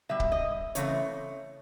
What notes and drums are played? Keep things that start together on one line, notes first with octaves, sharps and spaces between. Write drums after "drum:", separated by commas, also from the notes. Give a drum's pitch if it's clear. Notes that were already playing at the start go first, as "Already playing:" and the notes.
B2 G3 E5
drum: kick C#1
D#5
C#3 E3 A3 C4 C#5, drum: hi-hat